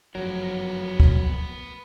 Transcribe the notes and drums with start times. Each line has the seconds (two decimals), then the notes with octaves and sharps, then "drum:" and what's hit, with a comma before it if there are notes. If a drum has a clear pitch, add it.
0.15 G1 F#2 F3 F#3 B3 A#4
1.00 drum: kick